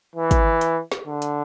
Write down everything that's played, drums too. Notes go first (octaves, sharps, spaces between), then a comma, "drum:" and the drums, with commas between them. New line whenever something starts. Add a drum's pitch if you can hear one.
E3
drum: kick, hi-hat
drum: hi-hat
drum: snare
D3
drum: hi-hat